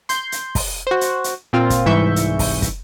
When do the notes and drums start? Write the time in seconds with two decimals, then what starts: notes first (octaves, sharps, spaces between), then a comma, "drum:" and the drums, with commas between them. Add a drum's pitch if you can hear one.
0.09 C6 G6, drum: hi-hat
0.32 drum: hi-hat
0.55 drum: kick, open hi-hat
0.87 F#4 C5
1.01 drum: hi-hat
1.24 drum: hi-hat
1.53 A#2 C4 F4
1.70 drum: kick, hi-hat
1.86 C2 G#2 E3 E5 C#6 G6
2.16 drum: hi-hat
2.39 drum: kick, open hi-hat
2.62 drum: kick, hi-hat